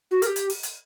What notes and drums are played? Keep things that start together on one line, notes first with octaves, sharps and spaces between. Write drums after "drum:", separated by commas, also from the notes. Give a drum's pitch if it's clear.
F#4
A#4, drum: hi-hat
G4
drum: hi-hat
drum: open hi-hat
drum: hi-hat